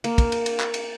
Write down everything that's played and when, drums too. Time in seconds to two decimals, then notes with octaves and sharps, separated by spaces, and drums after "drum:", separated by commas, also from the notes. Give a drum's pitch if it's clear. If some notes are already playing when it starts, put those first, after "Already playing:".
0.04 A#3, drum: cymbal
0.18 drum: kick, cymbal
0.32 drum: cymbal
0.46 drum: cymbal
0.60 drum: clap
0.74 drum: cymbal